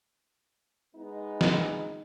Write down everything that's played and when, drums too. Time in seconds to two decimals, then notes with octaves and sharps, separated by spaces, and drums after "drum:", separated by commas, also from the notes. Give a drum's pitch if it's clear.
0.96 G#3 B3 D#4
1.41 drum: snare